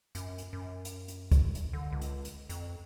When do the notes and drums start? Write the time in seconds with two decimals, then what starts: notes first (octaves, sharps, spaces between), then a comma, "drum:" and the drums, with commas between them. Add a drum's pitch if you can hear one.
0.15 F#2, drum: hi-hat
0.38 drum: hi-hat
0.53 F#2
0.85 drum: hi-hat
1.08 drum: hi-hat
1.31 drum: kick, hi-hat
1.55 drum: hi-hat
1.73 D3
1.92 C#2
2.01 drum: hi-hat
2.25 drum: hi-hat
2.49 F2, drum: hi-hat